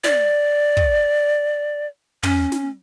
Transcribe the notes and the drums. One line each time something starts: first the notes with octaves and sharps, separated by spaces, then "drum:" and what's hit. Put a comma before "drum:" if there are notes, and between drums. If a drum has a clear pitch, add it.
D5, drum: snare
drum: kick
C#4, drum: tom
drum: snare